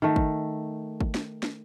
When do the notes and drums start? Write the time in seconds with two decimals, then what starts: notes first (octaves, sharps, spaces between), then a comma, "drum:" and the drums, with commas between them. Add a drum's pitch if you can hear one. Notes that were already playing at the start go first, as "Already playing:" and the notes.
0.02 D#3 A3
0.16 drum: kick
1.00 drum: kick
1.15 drum: snare
1.43 drum: snare